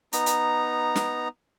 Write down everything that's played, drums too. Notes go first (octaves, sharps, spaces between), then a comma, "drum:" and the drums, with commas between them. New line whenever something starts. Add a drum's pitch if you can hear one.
B3 D#4 A#5, drum: hi-hat
drum: hi-hat
drum: snare